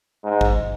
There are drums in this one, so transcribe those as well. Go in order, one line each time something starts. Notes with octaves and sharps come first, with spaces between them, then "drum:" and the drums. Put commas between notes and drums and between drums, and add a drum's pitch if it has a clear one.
G#2
drum: kick G#1